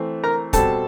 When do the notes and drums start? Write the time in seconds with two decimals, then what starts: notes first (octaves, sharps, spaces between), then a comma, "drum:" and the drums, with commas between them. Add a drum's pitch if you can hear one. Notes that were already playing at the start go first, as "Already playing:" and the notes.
Already playing: E3 A3 C4
0.24 A#4 A#5
0.53 B2 G3 C4 A4 A5, drum: kick, hi-hat